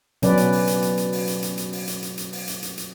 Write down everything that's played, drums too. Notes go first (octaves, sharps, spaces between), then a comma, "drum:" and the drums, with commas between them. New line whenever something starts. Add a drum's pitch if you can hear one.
B2 F#3 C#4 B4 D5, drum: hi-hat
drum: hi-hat
drum: open hi-hat
drum: hi-hat
drum: hi-hat
drum: hi-hat
drum: open hi-hat
drum: hi-hat
drum: hi-hat
drum: hi-hat
drum: open hi-hat
drum: hi-hat
drum: hi-hat
drum: hi-hat
drum: open hi-hat
drum: hi-hat
drum: hi-hat
drum: hi-hat